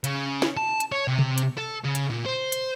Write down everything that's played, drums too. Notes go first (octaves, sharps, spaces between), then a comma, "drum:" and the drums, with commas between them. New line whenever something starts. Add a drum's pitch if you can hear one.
C#3, drum: hi-hat
drum: snare
A5
drum: hi-hat
C#5
C3
drum: tom C3
drum: hi-hat
A4
C#3
drum: hi-hat
A#2
C5
drum: hi-hat